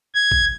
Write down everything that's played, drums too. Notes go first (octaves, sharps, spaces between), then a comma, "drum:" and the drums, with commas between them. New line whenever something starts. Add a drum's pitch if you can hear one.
G#6
drum: kick